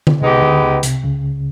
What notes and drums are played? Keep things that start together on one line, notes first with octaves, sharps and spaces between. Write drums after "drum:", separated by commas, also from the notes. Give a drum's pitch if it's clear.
drum: tom D3
C2 C3 G#3 B3 D#4 G4 B4
D2 D3
C#2 C#3
C2 C3, drum: hi-hat
C#2 C#3